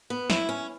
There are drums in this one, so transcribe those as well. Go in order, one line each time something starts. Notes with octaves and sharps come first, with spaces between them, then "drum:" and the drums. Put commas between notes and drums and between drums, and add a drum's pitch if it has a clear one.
B3
E4, drum: snare
C#4